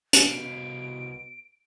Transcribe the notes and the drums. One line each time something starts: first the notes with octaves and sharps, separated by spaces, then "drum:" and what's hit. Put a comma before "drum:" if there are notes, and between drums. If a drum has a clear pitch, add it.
drum: hi-hat
C2 B2 F5 D7